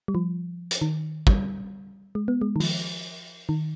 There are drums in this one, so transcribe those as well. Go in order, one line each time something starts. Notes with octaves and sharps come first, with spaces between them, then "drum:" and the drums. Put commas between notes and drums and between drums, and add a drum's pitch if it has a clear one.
G3
F3
drum: hi-hat
D#3
G3, drum: kick
G#3
B3
G#3
D#3
F3, drum: open hi-hat
D#3